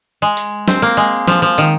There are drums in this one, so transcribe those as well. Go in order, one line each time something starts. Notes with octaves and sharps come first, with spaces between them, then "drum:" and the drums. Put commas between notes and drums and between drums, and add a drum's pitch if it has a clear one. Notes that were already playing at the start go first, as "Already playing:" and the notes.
G#3
drum: hi-hat
C4, drum: snare
A#3
G#3, drum: hi-hat
F3, drum: snare
F3
D#3, drum: hi-hat